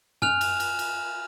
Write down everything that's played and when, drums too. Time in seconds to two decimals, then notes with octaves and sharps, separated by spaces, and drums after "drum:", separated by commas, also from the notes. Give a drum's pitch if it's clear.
0.22 G#5 F6 F#6 F7, drum: tom F#2
0.41 drum: cymbal
0.60 drum: cymbal
0.79 drum: cymbal